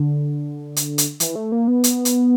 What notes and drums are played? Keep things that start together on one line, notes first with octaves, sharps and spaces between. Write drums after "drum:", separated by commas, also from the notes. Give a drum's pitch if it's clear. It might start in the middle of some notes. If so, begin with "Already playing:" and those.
Already playing: D3
drum: hi-hat
drum: hi-hat
E3, drum: hi-hat
A3
A#3
B3
drum: hi-hat
drum: hi-hat